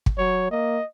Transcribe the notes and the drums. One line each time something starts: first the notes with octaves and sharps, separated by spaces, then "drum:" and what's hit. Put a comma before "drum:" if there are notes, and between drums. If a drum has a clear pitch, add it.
drum: kick
F#3 C#5
A#3 D#5